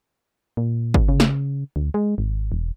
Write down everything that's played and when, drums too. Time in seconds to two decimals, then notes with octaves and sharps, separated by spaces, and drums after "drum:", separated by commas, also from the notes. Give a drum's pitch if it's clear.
0.57 A#2
0.94 drum: kick G1
1.09 C#3
1.20 drum: snare
1.76 D2
1.94 G#3
2.18 G#1
2.52 E1